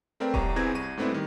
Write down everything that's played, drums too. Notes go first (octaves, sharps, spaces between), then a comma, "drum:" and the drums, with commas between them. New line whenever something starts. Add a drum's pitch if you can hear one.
A3 C4 A#4 B4 D5 G5
C2 G4 C#5 A#5 C#6 D#7, drum: kick D#1
E2 E3 C4 G#4 G#6 A#6
C2 C#6 D#7
G#2 A3 B3 C4 D4 E4
D#3 G3